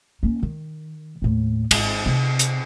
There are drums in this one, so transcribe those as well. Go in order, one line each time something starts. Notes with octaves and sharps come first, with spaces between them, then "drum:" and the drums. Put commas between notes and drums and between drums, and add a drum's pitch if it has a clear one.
A#3 C#4
D#3
D#2 A2
G#1, drum: cymbal
C3
drum: hi-hat